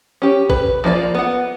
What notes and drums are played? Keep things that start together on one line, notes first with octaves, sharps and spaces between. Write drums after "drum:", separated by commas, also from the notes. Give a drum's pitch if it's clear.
C#4 G4
B4, drum: kick
F3 A#3 F4 D5
B3 F#5